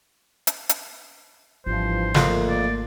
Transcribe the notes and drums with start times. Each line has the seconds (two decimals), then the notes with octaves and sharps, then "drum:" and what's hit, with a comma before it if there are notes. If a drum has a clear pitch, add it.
0.47 drum: hi-hat
0.69 drum: hi-hat
1.66 G#1 G2 E3 F3 C5
2.15 F2 A3 A#3, drum: snare
2.49 D5